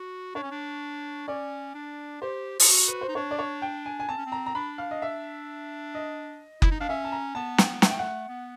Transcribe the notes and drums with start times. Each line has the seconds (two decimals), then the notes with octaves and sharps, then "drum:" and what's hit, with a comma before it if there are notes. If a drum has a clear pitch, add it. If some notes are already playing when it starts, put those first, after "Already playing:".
Already playing: F#4
0.35 D4 C#5
0.43 C#4
0.51 D4
1.28 C#4 D5
1.74 D4
2.21 G4 C5
2.60 F4, drum: open hi-hat
2.68 F#4
2.88 B4
3.01 C5
3.08 D#4
3.15 D4 C#5
3.31 D5
3.39 C#5
3.62 G5
3.86 G#5
4.00 G#5
4.09 C4 A5
4.18 C#4
4.26 C4
4.32 A#5
4.46 A#5
4.55 D4 B5
4.78 F5
4.91 D#5
5.02 E5
5.95 D#5
6.62 E4, drum: kick F#1
6.71 D#4
6.80 D4 F5
6.89 C#4 E5
7.05 A5
7.12 A#5
7.35 B3 A5
7.58 G5, drum: snare
7.82 A3 F#5, drum: snare
7.91 G5
7.99 F#5
8.29 B3